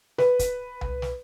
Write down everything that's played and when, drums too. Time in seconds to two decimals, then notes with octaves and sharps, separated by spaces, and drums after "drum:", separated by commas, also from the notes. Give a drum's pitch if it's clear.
0.18 B4, drum: snare
0.39 drum: kick, hi-hat
0.81 drum: tom C2
1.02 drum: snare